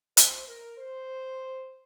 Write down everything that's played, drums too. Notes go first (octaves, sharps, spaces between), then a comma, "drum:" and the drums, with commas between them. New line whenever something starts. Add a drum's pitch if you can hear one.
C5, drum: hi-hat
A#4
C5